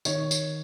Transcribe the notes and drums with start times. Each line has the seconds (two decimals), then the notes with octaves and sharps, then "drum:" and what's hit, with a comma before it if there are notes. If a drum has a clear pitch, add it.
0.05 D#3 C#5, drum: tambourine
0.31 drum: tambourine